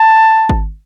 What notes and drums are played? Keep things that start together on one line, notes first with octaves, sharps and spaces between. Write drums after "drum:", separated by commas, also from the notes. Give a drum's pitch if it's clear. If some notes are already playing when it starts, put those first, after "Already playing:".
Already playing: A5
drum: kick G#1